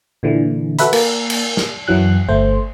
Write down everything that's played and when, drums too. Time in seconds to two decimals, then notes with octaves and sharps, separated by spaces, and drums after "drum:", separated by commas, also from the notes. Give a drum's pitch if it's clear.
0.23 A#2 D3 E3
0.79 F#4 A4 B4 E5 B5, drum: hi-hat
0.93 A#3, drum: cymbal
1.30 drum: cymbal
1.57 drum: snare
1.88 F#2 E3 F#3 F#6
2.28 G1 A3 C5